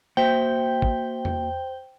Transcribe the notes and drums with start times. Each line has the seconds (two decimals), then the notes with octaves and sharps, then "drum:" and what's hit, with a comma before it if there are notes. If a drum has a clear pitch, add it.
0.17 A#3 F#4 C5 E5 G5
0.82 drum: kick
1.25 drum: tom E2